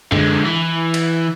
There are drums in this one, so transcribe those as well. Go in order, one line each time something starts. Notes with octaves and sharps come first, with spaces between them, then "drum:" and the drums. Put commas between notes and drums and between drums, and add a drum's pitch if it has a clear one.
D3 G#3, drum: tom F#2
E3
drum: cymbal